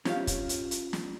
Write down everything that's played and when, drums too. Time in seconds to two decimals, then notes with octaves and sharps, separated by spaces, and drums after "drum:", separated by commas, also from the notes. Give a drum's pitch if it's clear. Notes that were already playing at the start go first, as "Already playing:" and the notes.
0.05 C#4 F4 G4 C#5 F5, drum: snare
0.27 drum: kick, hi-hat
0.49 drum: hi-hat
0.71 drum: hi-hat
0.93 drum: snare